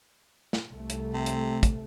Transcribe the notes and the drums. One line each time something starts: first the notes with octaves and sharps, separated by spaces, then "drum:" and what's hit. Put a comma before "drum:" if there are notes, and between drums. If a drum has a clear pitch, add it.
drum: snare
C2 A3
drum: hi-hat
C3
drum: hi-hat
drum: kick, hi-hat